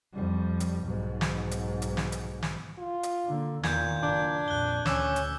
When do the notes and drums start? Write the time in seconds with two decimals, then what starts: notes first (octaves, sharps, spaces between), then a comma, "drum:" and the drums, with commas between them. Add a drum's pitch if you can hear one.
0.13 F2 G3
0.60 drum: hi-hat
0.83 B1 G#2
1.21 drum: snare
1.51 drum: hi-hat
1.82 drum: hi-hat
1.97 drum: snare
2.12 drum: hi-hat
2.43 drum: snare
2.78 F4
3.03 drum: hi-hat
3.26 D3 A#3
3.64 E2 A#2 D#3 G6 G#6, drum: snare
4.03 F#1 D4
4.48 A#1 F2 F#6 G7
4.86 D2 C#4 D6 E6, drum: snare
5.16 drum: hi-hat